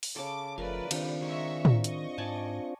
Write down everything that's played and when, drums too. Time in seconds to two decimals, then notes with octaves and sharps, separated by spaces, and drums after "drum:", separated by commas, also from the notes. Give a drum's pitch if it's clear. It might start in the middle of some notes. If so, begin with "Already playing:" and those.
0.03 drum: open hi-hat
0.16 C#3 A4 D6
0.58 F#1 F3 A3 A#4 B4 D5 F5
0.91 D#3 C4 D4 F4 G4, drum: cymbal
1.22 G#3 E5 A#5 C#6
1.65 drum: tom A2
1.84 D#5 C#6, drum: hi-hat
2.18 G#2 D5 G#5 A5